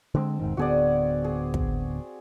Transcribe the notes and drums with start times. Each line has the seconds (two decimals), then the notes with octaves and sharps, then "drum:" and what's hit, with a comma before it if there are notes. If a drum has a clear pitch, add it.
0.15 D3 F3 G#3 C4
0.39 E1 G#2 D#3
0.57 D1 D3 B3 F#4 G#4 D5
1.24 G#4
1.54 drum: kick